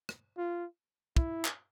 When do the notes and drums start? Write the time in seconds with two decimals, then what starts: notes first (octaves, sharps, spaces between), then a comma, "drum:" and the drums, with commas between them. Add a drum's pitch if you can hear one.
0.09 drum: rim click
0.37 F4
1.17 E4, drum: kick
1.45 drum: clap